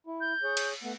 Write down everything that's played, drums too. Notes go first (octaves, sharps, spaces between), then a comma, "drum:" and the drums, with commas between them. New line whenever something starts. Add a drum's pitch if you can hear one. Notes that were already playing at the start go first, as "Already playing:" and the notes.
E4
G6
G#4 C#5
drum: cymbal
A3 B3